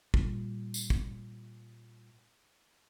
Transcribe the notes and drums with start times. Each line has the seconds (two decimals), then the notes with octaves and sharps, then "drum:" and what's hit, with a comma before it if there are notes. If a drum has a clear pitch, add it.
0.14 A#2 G3, drum: kick
0.74 drum: tambourine
0.90 drum: kick